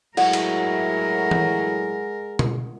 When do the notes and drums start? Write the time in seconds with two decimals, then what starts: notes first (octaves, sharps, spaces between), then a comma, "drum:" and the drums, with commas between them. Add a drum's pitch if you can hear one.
0.17 A2 F#3 G#3 E4 A#4 F#5, drum: cymbal
0.33 drum: cymbal
1.31 drum: tom E3
2.39 drum: tom B2